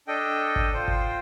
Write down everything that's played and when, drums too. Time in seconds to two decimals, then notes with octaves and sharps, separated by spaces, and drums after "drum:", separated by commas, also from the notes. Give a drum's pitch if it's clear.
0.08 D4 A4 D#5 G5
0.56 drum: kick G#1
0.72 F4 C5 G5
0.88 drum: kick G#1